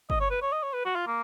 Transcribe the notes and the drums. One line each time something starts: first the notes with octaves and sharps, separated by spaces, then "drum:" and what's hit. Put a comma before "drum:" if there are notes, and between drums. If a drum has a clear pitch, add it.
D#5, drum: kick
C#5
B4
C#5
D#5
C#5
B4
F#4
F4
A#3